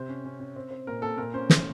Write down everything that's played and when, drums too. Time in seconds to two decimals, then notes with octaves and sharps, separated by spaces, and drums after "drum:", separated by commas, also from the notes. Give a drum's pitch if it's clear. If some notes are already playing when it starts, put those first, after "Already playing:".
Already playing: C3 C5
0.09 C#4
0.25 C#4
0.40 C#4
0.56 C4
0.71 C4
0.87 A#2 A#4
1.02 A#2 A4
1.18 A#2 A#4
1.34 C#4 C5
1.50 A3, drum: snare